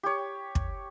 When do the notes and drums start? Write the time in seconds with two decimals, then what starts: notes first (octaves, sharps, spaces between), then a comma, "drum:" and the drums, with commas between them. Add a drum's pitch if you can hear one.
0.03 G4 C#5
0.55 drum: kick